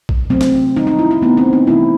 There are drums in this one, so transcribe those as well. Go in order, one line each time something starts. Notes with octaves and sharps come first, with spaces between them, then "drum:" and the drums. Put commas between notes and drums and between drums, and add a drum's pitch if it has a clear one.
drum: kick A#1
C3 F#3 A3 C4
drum: snare
D#3 G3 D#4
D#4
E4
D#4
D#3 A3 B3
C4
D#4
C3 E3 A3 E4